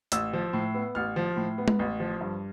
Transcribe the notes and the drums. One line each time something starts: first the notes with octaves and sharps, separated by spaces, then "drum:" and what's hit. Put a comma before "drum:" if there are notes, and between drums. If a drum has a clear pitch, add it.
A1 E6, drum: hi-hat
F3
A2
B3
A1 F6
F3
A2
B3
drum: tom G#3
A1
F3
G2